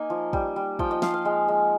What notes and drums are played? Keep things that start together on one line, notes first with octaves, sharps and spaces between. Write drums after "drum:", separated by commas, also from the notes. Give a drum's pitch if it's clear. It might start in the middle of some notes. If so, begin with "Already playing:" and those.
Already playing: A#3 D#4 D#5 G#5
F3
G3, drum: kick
G3
F3 G5, drum: kick
D#5
F3 F5, drum: snare
F5
G#3
G#3